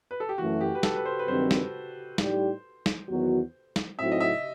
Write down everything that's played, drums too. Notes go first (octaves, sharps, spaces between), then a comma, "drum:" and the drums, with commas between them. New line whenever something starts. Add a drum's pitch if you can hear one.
B4
A4
G4
F#2 E3 A3 F#4
G4
B4
A4, drum: snare
B4
C5
B4
G2 D#3 F#3 C4 C5
drum: snare
A2 G3 D#4 G4, drum: snare
drum: snare
E2 D#3 F#3 B3 F#4
drum: snare
A2 F#3 C4 D#4 F#4 E5
D#5
E5